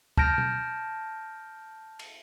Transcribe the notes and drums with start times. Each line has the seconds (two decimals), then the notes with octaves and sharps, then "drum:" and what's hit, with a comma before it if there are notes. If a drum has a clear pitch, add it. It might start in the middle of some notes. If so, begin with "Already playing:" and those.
0.18 A5 F6 G6 A#6 D7, drum: kick
0.38 drum: tom B2
1.99 drum: cymbal